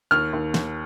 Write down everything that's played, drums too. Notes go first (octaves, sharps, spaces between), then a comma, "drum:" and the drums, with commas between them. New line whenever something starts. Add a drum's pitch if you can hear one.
D#2 F6
D#2
D#2, drum: snare